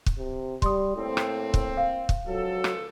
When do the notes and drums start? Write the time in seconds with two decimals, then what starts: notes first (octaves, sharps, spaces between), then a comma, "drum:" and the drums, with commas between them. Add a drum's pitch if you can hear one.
0.06 drum: kick
0.18 C3
0.62 G3 C6 D#6, drum: kick
0.96 A2 A#3 C4
1.17 drum: rim click
1.54 drum: kick
1.77 F5
2.09 drum: kick
2.27 C#2 F3 F#3 A4
2.64 drum: rim click